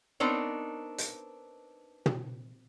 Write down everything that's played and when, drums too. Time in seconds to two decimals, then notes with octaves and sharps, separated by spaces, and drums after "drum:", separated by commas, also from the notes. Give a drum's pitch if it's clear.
0.20 B3 C4 D4 D#4 A#4 C#5
0.98 drum: hi-hat
2.06 drum: tom